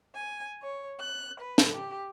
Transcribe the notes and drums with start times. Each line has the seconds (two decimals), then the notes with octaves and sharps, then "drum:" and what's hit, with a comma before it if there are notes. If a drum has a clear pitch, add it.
0.15 G#5
0.62 C#5
1.00 F#6
1.39 B4
1.58 drum: snare
1.72 G4